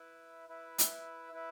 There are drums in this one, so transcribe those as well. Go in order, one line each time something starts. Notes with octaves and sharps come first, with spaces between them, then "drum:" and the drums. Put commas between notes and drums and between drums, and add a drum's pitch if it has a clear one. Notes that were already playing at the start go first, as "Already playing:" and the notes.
Already playing: E4 B4 E5
E4 B4 E5
drum: hi-hat
E4 B4 E5